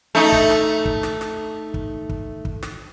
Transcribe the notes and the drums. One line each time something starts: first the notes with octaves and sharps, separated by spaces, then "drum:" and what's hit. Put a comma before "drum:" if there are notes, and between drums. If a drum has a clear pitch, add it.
A3 D#4
drum: kick
drum: snare
drum: kick
drum: snare
drum: snare
drum: kick
drum: kick
drum: kick
drum: snare